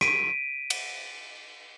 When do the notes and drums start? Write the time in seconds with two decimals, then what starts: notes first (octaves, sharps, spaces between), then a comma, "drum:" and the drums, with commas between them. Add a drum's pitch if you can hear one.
0.01 B6 D7 D#7, drum: rim click
0.70 drum: cymbal